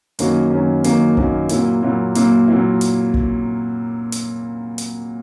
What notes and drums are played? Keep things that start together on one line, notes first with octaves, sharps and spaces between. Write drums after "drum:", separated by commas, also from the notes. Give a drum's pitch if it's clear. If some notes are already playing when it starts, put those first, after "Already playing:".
F#2 D#3 A#3 C#4 F#4, drum: hi-hat
F#2 D#3 A#3 C#4 F#4
F#2 D#3 A#3 C#4 F#4, drum: hi-hat
F#2 D#3 A#3 C#4 F#4, drum: kick
A#2 F#3 A#3 E4, drum: hi-hat
A#2 F#3 A#3 E4
A#2 F#3 A#3 E4, drum: hi-hat
A#2 F#3 A#3 E4
drum: hi-hat
drum: kick
drum: hi-hat
drum: hi-hat